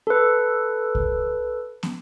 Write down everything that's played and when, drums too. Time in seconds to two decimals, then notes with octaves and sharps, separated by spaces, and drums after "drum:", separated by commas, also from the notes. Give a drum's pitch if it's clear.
0.07 A4 B4
0.95 drum: kick C2
1.83 drum: snare